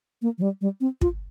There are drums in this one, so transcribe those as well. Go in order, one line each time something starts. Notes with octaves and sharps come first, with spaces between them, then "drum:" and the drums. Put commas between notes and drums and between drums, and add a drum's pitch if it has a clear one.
A#3
F3
G3
G3
C4
F4, drum: kick